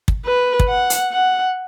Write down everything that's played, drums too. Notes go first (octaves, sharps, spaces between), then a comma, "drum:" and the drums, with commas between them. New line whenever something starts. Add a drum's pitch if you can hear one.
drum: kick
B4
drum: kick
F#5
drum: hi-hat
F#5